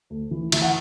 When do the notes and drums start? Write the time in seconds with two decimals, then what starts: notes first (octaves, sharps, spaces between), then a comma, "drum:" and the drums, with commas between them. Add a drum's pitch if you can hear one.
0.10 D2
0.31 E3
0.52 E3 E5, drum: cymbal
0.62 F#5